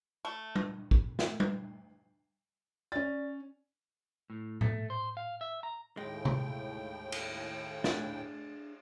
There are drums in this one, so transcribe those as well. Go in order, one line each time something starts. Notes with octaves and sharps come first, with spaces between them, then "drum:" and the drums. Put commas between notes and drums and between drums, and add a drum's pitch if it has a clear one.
A3
drum: tom G3
drum: kick
drum: snare
drum: tom G3
C#4 D5 A6
A2
A3, drum: tom A2
C5
F5
E5
A#5
D#2 A2 G#3 G5
drum: tom C3
drum: cymbal
D4 G#4, drum: snare